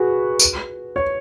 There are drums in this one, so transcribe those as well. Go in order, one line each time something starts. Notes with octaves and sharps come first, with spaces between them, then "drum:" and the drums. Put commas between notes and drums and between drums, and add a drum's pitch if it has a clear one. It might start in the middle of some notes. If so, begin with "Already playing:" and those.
Already playing: F#4 G#4 B4
drum: tambourine
C#5